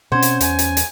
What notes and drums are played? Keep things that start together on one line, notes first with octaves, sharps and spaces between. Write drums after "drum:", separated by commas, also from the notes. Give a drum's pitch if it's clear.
B2 C4 C#4 C5 F#5 G#6
drum: hi-hat
E2 G#5, drum: hi-hat
drum: hi-hat
drum: hi-hat